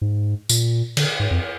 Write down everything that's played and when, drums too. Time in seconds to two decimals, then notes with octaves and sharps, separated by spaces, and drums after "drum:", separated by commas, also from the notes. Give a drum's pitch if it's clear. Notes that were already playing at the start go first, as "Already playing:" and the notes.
0.01 G#2
0.49 A#2, drum: tambourine
0.97 D3, drum: cymbal
1.20 G#2
1.31 F2